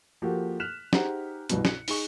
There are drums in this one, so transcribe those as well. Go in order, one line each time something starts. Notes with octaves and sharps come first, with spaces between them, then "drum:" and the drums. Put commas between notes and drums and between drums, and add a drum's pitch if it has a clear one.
F3 A#3 F#4 G4 A4
F6 F#6 B6 E7 F7
D#4 G4 G#4 C5 F#5 A#5, drum: snare
C2 G2 B2, drum: hi-hat
F#6 C#7, drum: snare
D#4 G#4 C#6, drum: open hi-hat